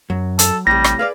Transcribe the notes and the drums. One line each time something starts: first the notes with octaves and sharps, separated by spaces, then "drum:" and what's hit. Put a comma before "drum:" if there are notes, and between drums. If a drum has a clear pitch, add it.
F#2 F#3
A4, drum: hi-hat
A1 A2 C3 G3 A#6
drum: rim click
G#4 B4 D5 F5